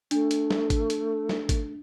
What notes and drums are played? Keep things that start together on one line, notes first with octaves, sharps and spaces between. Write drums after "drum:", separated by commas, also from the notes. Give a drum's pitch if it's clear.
A3 D4, drum: hi-hat
drum: hi-hat
drum: snare
drum: kick G#1, hi-hat
drum: hi-hat
drum: snare
drum: kick G#1, hi-hat